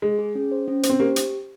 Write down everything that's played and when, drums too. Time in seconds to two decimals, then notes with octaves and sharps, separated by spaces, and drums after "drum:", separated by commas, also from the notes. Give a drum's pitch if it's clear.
0.02 G#3 G#4
0.19 G#4
0.35 C#4
0.52 C5
0.68 C#4
0.83 C5, drum: hi-hat
0.90 C4
0.99 A#3 G4
1.16 drum: hi-hat